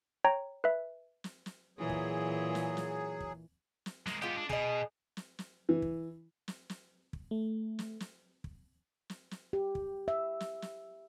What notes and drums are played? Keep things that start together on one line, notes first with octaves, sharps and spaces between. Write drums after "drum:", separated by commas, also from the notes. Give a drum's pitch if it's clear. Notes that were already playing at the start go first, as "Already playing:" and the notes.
C#5 G5 A#5
B4 E5
drum: snare
drum: snare
A#2 E3 F#3 G#4
drum: kick
drum: snare
drum: snare
drum: kick
drum: snare
G#3 A#3, drum: snare
G#3 B3 F4 G4
D4
B2 G#4 D#5, drum: kick
drum: snare
drum: snare
E3
drum: kick
drum: snare
drum: snare
drum: kick
A3
drum: snare
drum: snare
drum: kick
drum: snare
drum: snare
G4
drum: kick
E5
drum: snare
drum: snare